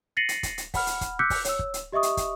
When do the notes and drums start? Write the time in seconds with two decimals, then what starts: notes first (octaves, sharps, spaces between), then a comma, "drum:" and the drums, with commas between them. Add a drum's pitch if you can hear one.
0.17 A6 A#6 C7 C#7 D#7 F#7
0.29 drum: hi-hat
0.43 drum: kick, hi-hat
0.58 drum: hi-hat
0.74 F#5 B5 F6, drum: kick, open hi-hat
0.87 drum: hi-hat
1.01 drum: kick, hi-hat
1.19 D6 E6 F#6 G6 B6 C#7
1.30 drum: kick, open hi-hat
1.45 C#5 E6, drum: hi-hat
1.59 drum: kick
1.74 drum: hi-hat
1.92 G4 D#5 E5 C#6 D#6
2.03 drum: hi-hat
2.17 drum: kick, hi-hat